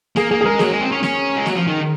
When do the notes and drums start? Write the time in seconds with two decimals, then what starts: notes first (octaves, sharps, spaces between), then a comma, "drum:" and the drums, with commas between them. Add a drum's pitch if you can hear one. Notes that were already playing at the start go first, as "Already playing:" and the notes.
0.16 A#3 G#4, drum: snare
0.31 A#3 G#4
0.41 G#4
0.45 G#3 A#4
0.59 F#3 G#4, drum: snare
0.71 G#3
0.81 C4
0.92 C#4
1.03 C#4, drum: snare
1.37 G#3
1.46 F#3, drum: snare
1.57 F3
1.67 D#3